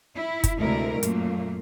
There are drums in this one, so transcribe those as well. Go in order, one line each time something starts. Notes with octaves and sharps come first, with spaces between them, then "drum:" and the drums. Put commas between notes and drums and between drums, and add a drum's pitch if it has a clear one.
E4
drum: kick, hi-hat
D2 C3 G#3 E4 A#4
F#2 A#2 A3 A#3, drum: hi-hat